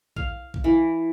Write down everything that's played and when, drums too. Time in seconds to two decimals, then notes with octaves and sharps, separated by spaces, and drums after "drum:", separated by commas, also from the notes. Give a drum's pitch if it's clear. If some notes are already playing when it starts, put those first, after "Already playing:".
0.16 F5, drum: kick A#1
0.54 drum: kick A#1
0.64 E3